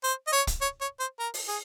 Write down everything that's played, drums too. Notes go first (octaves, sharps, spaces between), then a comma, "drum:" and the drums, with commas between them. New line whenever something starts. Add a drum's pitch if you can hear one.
C5
D#5
C#5
drum: kick, hi-hat
C#5
C#5
C5
A#4
drum: open hi-hat
G#4